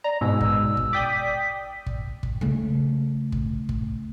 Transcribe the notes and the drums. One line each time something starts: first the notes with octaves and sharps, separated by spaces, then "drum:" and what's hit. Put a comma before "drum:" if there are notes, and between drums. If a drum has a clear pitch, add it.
D5 A#5
G#2 B2 E6
drum: kick
drum: kick
D5 G5 D#6 B6
drum: kick
drum: kick
C#3 A3
drum: kick
drum: kick